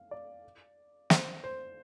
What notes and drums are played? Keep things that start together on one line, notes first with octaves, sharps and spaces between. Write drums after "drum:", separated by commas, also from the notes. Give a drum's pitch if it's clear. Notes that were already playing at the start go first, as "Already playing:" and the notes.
Already playing: F5
D5
C5, drum: snare
C5